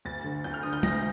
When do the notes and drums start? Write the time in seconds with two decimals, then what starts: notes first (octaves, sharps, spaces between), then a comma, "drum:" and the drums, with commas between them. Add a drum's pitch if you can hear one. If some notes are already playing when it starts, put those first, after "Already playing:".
0.05 D2 A6
0.24 D3
0.44 D2 G6
0.54 F6
0.63 D3 D#6
0.73 G6
0.83 D2 A#6, drum: tom